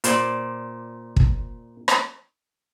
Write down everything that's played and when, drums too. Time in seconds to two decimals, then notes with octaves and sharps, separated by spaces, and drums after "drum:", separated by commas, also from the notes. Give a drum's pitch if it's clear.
0.04 A#2 C5 D5, drum: hi-hat
1.16 drum: kick
1.88 drum: rim click